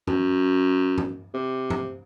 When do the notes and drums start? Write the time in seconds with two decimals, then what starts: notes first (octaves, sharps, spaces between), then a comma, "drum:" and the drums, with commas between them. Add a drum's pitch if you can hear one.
0.07 F#2, drum: tom G2
0.98 drum: tom G2
1.34 C3
1.70 drum: tom G2